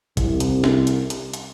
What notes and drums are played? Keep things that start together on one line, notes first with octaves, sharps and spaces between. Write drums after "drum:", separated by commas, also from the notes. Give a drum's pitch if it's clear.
C2, drum: kick A1, hi-hat
drum: hi-hat
drum: snare
drum: hi-hat
drum: hi-hat
drum: hi-hat